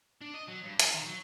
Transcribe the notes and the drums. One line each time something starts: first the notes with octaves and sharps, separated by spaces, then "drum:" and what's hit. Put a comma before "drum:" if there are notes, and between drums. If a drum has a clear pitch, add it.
D4
D#5
F#3
G2
F3, drum: hi-hat
D#3
F#3